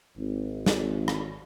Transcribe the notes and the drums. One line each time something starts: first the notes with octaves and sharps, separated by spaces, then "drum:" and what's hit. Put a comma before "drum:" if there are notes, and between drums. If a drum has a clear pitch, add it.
G#1
drum: snare
drum: rim click